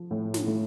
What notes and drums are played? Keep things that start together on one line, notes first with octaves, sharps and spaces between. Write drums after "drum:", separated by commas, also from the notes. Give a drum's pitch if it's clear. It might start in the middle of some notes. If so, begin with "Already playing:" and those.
Already playing: F3
A2
drum: snare
A2